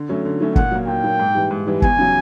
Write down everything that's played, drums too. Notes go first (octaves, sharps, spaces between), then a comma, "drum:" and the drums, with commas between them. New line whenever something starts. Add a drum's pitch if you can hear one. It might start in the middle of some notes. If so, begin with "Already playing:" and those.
Already playing: D3
F#3 A3 C#4
D3
F#3 A3 C#4
A#2 F#5, drum: kick
F#3 A#3
A#2 G5
F#3 A#3
G#2
E3 G3
G#2
E3 G3
E2 G#5, drum: kick
C#3 F#3